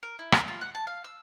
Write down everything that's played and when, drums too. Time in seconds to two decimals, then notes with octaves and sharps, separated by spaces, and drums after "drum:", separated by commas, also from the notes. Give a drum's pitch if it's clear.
0.03 A#4
0.19 E4
0.32 A#4, drum: rim click
0.48 F4
0.61 F#5
0.75 A5
0.87 F5
1.04 E6